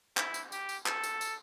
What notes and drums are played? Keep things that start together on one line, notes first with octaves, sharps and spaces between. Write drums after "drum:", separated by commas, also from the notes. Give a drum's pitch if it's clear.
E4, drum: clap
drum: tambourine
G4, drum: tambourine
drum: tambourine
A4, drum: clap
drum: tambourine
drum: tambourine